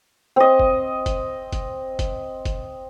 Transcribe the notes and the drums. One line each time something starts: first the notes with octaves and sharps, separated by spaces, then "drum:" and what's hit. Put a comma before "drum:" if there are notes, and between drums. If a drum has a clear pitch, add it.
C4 D#5
drum: kick
drum: kick, hi-hat
drum: kick, hi-hat
drum: kick, hi-hat
drum: kick, hi-hat